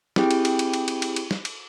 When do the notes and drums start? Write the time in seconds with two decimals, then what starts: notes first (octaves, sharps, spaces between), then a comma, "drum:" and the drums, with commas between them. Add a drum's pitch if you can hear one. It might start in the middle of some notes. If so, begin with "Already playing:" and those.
0.16 C4 E4 G4 G#4 G5, drum: snare
0.31 drum: cymbal
0.45 drum: cymbal
0.59 drum: cymbal
0.73 drum: cymbal
0.88 drum: cymbal
1.02 drum: cymbal
1.16 drum: cymbal
1.31 drum: snare
1.45 drum: cymbal